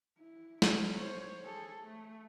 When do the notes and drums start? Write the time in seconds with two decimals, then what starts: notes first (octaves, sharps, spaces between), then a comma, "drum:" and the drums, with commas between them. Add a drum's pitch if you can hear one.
0.18 E4
0.62 E4 A#4, drum: snare
0.96 C5 C#5
1.44 G#4 A4
1.83 A3